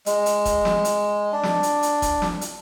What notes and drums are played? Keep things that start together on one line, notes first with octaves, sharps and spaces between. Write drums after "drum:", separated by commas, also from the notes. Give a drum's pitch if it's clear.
G#3, drum: hi-hat
drum: hi-hat
drum: kick F1, hi-hat
drum: snare
drum: hi-hat
D4
drum: snare
drum: hi-hat
drum: hi-hat
drum: kick F1, hi-hat
drum: snare
drum: hi-hat